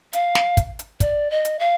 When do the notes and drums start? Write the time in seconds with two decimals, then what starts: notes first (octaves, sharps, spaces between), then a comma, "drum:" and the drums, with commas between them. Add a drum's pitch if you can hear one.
0.13 F5, drum: hi-hat
0.35 drum: snare
0.57 drum: kick, hi-hat
0.79 drum: hi-hat
1.00 D5, drum: kick, hi-hat
1.31 D#5
1.45 drum: hi-hat
1.59 F5